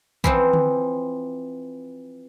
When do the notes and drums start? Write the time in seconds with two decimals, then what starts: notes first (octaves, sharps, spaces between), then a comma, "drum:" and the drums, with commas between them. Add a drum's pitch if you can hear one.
0.24 E3 F3 C4, drum: kick
0.53 drum: tom D3